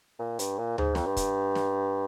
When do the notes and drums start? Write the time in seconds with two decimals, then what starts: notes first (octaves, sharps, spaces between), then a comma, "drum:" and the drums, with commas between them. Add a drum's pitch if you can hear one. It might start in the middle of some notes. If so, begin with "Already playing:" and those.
0.19 A#2
0.39 G2, drum: hi-hat
0.58 A#2
0.78 G#2, drum: tom D2
0.95 F2, drum: snare
1.06 G2
1.17 drum: kick, hi-hat
1.55 drum: snare